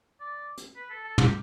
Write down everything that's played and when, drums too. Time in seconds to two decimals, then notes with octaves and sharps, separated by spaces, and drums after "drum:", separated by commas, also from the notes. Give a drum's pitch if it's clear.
0.20 D5
0.58 drum: hi-hat
0.76 B4
0.90 A4
1.04 A4
1.18 G4, drum: tom